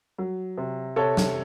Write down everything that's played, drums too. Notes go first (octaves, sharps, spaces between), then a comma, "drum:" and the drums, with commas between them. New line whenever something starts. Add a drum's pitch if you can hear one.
F#3
C3
C3 A4 C#5
drum: snare